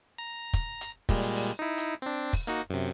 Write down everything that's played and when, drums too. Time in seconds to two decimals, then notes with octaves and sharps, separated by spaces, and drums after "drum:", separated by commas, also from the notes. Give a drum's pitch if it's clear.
0.18 A#5
0.53 drum: kick, hi-hat
0.81 drum: hi-hat
1.09 A#2 G3 G#3, drum: kick, hi-hat
1.23 drum: hi-hat
1.36 drum: open hi-hat
1.59 D#4 E4
1.78 drum: hi-hat
2.02 C4 D4
2.33 drum: kick, open hi-hat
2.47 A#3 D#4 F#4, drum: hi-hat
2.70 F#2 C3